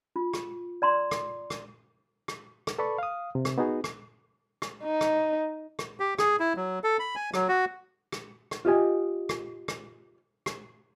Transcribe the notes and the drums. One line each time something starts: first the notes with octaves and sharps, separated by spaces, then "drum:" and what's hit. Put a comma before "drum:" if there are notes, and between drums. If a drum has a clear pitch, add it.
F4
drum: rim click
D5 A#5 C6
drum: rim click
drum: rim click
drum: rim click
drum: rim click
A4 B4 D5 A5 B5 C#6
F5 D#6
C3
drum: rim click
B3 D#4 F#4 G#4
drum: rim click
drum: rim click
D#4
drum: rim click
drum: rim click
G4
G#4, drum: rim click
E4
F#3
A4
B5
G#5
F#3, drum: rim click
F#4
drum: rim click
drum: rim click
F4 G4 D#5 G#5
drum: rim click
drum: rim click
drum: rim click